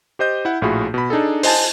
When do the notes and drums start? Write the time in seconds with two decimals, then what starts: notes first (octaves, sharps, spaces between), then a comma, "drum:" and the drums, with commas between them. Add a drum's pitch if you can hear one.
0.19 G4 C5 D#5 G6
0.45 E4 F#5
0.62 A#1 A2 F4 F#4 G#4 B5
0.94 B2 B5
1.10 D4 D#4 G#4 A4
1.43 C5 D#5 G#5 A5, drum: open hi-hat